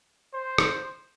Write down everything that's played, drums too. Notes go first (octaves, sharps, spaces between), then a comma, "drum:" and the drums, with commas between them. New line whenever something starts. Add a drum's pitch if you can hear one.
C5
drum: rim click